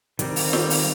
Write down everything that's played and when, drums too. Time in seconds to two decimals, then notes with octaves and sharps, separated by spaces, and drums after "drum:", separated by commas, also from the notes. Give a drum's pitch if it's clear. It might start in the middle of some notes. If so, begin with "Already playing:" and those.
0.19 D#3 G3 C4, drum: hi-hat
0.36 drum: open hi-hat
0.53 drum: snare
0.70 drum: open hi-hat